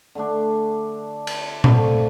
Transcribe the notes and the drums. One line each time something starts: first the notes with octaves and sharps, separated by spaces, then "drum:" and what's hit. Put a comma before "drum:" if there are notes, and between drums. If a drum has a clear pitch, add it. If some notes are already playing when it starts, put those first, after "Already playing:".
D3 A3 D4
drum: cymbal
D3 A3 C4 F4, drum: tom A#2